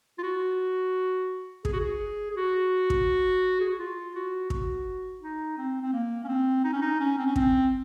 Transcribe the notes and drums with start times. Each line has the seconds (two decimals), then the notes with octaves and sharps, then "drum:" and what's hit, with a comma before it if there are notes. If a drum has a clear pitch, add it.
0.18 F4
0.23 F#4
1.65 G#4, drum: kick
1.73 F#4
1.80 G#4
2.31 G#4
2.37 F#4
2.90 drum: kick
3.61 G#4
3.69 F#4
3.79 F4
4.15 F#4
4.50 F#4, drum: kick
5.22 D#4
5.58 C4
5.82 C4
5.93 A#3
6.24 C#4
6.28 C4
6.64 D#4
6.73 C#4
6.82 D#4
7.00 C#4
7.18 C4
7.26 C#4
7.36 C4, drum: kick